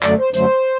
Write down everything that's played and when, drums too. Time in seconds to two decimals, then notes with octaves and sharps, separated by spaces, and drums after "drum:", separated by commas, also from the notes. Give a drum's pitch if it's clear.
0.02 F#2 D3 F#3 A3 D5, drum: clap
0.19 C5
0.34 F#2 D3 F#3 A3 C5, drum: hi-hat